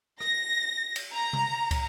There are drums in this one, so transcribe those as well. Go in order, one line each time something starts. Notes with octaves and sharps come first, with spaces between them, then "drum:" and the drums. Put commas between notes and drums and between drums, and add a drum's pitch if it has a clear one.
A#6, drum: rim click
drum: cymbal
A#5
drum: tom C3
drum: kick, cymbal